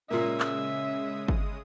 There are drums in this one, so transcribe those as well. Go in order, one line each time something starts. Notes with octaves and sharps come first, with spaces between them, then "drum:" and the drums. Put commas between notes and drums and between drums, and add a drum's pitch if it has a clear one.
A#2 C#3 G#3 A#3 C#4 E5 D#6
drum: clap
drum: kick